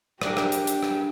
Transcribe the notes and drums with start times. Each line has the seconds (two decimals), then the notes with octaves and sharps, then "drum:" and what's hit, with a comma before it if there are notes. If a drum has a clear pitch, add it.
0.21 D4 G4 A#4, drum: rim click
0.37 drum: rim click
0.52 drum: hi-hat
0.67 drum: hi-hat
0.83 drum: rim click